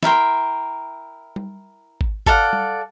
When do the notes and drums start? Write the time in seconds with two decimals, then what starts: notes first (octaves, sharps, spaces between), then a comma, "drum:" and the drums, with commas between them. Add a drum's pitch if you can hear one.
0.03 E4 A#4 G5 C6, drum: snare
1.36 drum: tom G3
2.01 drum: kick G#1
2.26 A4 D5 F5 F#5, drum: kick G#1
2.53 drum: tom G3